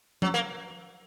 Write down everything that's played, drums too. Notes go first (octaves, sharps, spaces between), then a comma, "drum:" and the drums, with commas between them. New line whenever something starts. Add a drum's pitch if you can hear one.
F#3, drum: tom F3
A#3